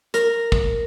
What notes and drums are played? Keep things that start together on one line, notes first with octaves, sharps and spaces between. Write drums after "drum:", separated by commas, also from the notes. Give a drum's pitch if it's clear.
A#4, drum: hi-hat
drum: kick